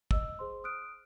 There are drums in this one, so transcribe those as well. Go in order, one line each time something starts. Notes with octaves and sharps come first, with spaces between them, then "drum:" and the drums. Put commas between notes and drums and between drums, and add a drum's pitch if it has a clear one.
D#5 E6, drum: kick
G#4 C5 C6
D#6 F6 F#6 D7